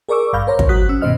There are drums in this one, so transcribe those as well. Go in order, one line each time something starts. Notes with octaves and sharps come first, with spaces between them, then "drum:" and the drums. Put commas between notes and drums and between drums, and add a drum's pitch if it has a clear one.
G#4 A#4 D5 C#6 D6 E6
A1 G2 F5 B5 F6 G6
A#4 C5 C#5 A#5
drum: kick
F#3 F#4 D#6 F#6 B6
C#4 E6
G2 B2 D#3 C5 D#5 F6